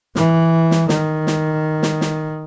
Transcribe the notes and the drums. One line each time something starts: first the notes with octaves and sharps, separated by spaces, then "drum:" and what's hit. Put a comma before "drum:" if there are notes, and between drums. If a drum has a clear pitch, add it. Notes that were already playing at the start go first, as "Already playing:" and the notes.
E3, drum: snare
drum: snare
D#3, drum: snare
drum: snare
drum: snare
drum: snare